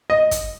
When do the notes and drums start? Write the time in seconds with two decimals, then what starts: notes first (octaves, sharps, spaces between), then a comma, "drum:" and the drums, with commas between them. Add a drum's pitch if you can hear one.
0.10 D#5
0.31 drum: kick, hi-hat